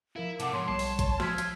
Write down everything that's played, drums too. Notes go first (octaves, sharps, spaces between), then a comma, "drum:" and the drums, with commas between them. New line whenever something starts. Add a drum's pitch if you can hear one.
F3 E4 A#4 F5
C3 A3 F#5 A5 D6, drum: hi-hat
G#2 B2 C#5 C6
B1 G3 A5 C7
drum: open hi-hat
drum: kick A1, hi-hat
F3 E6 F6 G#6 B6, drum: snare
drum: hi-hat